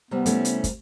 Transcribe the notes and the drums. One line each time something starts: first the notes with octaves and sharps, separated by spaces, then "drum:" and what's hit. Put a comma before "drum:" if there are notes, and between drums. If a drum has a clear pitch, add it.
C3 G3 B3 C4
A3 C#4 E4, drum: hi-hat
drum: hi-hat
drum: kick, hi-hat